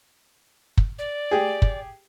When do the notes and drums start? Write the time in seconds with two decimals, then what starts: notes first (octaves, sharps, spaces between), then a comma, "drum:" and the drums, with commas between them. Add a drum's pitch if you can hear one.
0.78 drum: kick
0.99 D5
1.31 G4 G#4
1.62 drum: kick